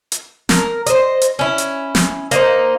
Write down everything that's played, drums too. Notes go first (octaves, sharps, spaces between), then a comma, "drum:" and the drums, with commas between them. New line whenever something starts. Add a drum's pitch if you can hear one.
drum: hi-hat
A#4, drum: snare
C5 D#5, drum: hi-hat
drum: hi-hat
C#4 E4
drum: hi-hat
drum: snare
A#3 D#4 C5, drum: hi-hat